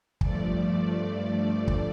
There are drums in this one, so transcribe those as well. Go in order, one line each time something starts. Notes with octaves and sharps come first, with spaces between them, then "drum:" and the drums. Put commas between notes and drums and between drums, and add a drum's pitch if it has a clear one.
G2 F3 A3 D5, drum: kick
drum: kick